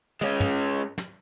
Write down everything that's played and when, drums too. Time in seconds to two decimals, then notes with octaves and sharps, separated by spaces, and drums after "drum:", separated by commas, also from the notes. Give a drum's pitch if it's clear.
0.21 G#3 C#4, drum: tom
0.40 drum: tom
0.98 drum: snare